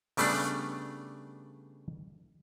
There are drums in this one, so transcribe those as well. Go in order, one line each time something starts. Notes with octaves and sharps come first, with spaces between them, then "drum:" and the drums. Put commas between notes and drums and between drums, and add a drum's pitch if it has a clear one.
C#3 G3 A3 B3 D4, drum: open hi-hat